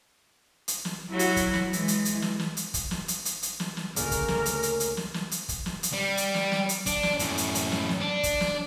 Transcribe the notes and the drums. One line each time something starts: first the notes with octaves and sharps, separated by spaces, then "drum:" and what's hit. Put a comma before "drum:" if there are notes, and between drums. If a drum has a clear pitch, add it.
drum: hi-hat
drum: snare
F#3 E4 F#4
drum: hi-hat
drum: kick, hi-hat
drum: snare
E3 G#3, drum: hi-hat
drum: hi-hat
drum: hi-hat
drum: snare
drum: snare
drum: hi-hat
drum: kick, hi-hat
drum: snare
drum: hi-hat
drum: hi-hat
drum: hi-hat
drum: snare
drum: snare
D2 A#2 C#3 A#4, drum: hi-hat
drum: kick, hi-hat
drum: snare
drum: hi-hat
drum: hi-hat
drum: hi-hat
drum: snare
drum: snare
drum: hi-hat
drum: kick, hi-hat
drum: snare
drum: hi-hat
G3
drum: hi-hat
drum: snare
drum: snare
drum: hi-hat
D4, drum: kick, hi-hat
drum: snare
F#2 A2, drum: hi-hat
drum: hi-hat
drum: hi-hat
drum: snare
drum: snare
D4
drum: kick, hi-hat
drum: snare